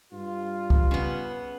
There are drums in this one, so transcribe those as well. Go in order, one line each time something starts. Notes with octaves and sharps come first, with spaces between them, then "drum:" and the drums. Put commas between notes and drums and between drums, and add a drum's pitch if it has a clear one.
G2 F4
drum: kick
C#3 B3